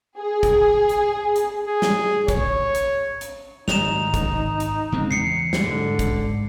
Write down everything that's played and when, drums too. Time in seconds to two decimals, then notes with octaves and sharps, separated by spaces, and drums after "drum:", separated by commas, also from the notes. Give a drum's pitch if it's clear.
0.18 G#4
0.43 drum: kick, hi-hat
0.89 drum: hi-hat
1.36 drum: hi-hat
1.68 G#4
1.82 drum: snare
2.28 C#5, drum: kick, hi-hat
2.75 drum: hi-hat
3.21 drum: hi-hat
3.68 G#1 D#4 E7 F7, drum: snare
4.14 drum: kick, hi-hat
4.60 drum: hi-hat
4.92 C#3 G#3 C4
5.11 E2 C7 C#7
5.53 drum: snare
5.63 G#2 D3
5.99 drum: kick, hi-hat